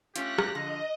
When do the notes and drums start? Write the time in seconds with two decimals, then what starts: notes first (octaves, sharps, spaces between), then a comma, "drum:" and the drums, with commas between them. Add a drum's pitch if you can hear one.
0.16 A3 C#4 F4 G4 F#6 A#6, drum: hi-hat
0.38 drum: rim click
0.55 D3 F3 D#5 A#5